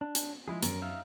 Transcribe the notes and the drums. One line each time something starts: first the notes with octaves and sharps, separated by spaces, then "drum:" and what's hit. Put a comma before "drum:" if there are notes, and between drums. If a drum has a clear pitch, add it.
D4
drum: hi-hat
F3 G#3 E4 G#4
F#2 A#4, drum: hi-hat
D#4 E5 F5